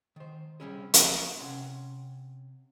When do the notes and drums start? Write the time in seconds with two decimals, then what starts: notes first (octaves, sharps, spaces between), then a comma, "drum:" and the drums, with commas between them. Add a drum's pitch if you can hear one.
0.16 D#3 C5
0.60 G3 C4 C#4 E4 G#4
0.94 D#5, drum: hi-hat
1.39 C3 C#4 F#5 C6